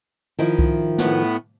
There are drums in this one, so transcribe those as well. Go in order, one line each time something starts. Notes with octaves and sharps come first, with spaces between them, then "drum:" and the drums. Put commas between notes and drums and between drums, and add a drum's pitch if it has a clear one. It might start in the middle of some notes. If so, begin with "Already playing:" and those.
D#3 F3 E4
drum: kick C2
A2 B3, drum: snare